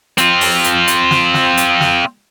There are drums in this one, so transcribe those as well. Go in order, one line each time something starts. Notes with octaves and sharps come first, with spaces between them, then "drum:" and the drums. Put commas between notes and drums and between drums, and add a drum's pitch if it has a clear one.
C4 F4, drum: hi-hat
drum: open hi-hat
drum: hi-hat
drum: hi-hat
drum: snare
drum: snare
drum: hi-hat
drum: snare